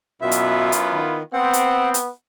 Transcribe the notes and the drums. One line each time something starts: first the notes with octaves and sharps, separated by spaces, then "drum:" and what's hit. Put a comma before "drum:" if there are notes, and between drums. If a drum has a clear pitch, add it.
F#2 B2 B3 E4 F4 E5
drum: hi-hat
drum: hi-hat
D#3
B3 C4 F#5
drum: hi-hat
drum: hi-hat